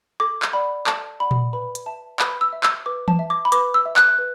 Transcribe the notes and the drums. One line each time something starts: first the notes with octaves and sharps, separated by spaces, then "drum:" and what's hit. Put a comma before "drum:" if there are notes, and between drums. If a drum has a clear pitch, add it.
A4 D6
drum: clap
D5 F#5 B5
A4 A5, drum: clap
D5 F#5 B5
drum: tom A#2
B4 B5
drum: hi-hat
E5 A5
B4 B5, drum: clap
E6
E5
E6, drum: clap
B4 D6
A5, drum: tom E3
E5
D6
B5
B4 D6, drum: hi-hat
E6
E5
F#6, drum: clap
B4